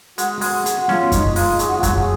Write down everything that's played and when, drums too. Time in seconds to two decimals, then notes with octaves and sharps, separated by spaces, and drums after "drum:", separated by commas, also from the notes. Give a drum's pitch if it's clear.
0.18 G#3 F#4, drum: hi-hat
0.41 G#3, drum: open hi-hat
0.66 G#4, drum: hi-hat
0.89 C#4 F4, drum: snare B3
1.12 G#3 D#4, drum: kick F#2, hi-hat
1.36 G#3 F4, drum: open hi-hat
1.59 F#3 G#4, drum: hi-hat
1.67 F#4
1.76 F4
1.83 F#3 F#4, drum: kick F#2, hi-hat
1.94 G#4